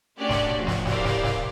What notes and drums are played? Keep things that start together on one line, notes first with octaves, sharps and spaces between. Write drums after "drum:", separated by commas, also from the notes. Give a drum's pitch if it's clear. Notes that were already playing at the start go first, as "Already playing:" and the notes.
A3 C#4 D4 F#4 G4 D5
drum: snare
F3 F#4
drum: snare
E4 G4 A#4 C5 D5 F5, drum: snare
drum: snare
drum: snare